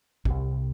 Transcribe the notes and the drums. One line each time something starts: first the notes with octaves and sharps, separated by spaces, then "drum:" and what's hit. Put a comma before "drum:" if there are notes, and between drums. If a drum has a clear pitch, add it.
C2 C3, drum: kick